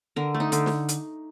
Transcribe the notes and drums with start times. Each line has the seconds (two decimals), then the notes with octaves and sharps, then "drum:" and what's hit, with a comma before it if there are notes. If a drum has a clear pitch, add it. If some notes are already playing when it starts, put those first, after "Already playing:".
0.16 D3 A#4
0.34 A3
0.40 D#4
0.52 D3, drum: hi-hat
0.66 drum: snare
0.89 drum: hi-hat